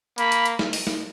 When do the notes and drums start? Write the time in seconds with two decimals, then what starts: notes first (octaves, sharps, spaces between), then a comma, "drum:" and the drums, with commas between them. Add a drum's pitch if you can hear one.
0.18 A#3 B5, drum: hi-hat
0.32 drum: hi-hat
0.46 drum: hi-hat
0.59 drum: snare
0.73 drum: open hi-hat
0.87 drum: snare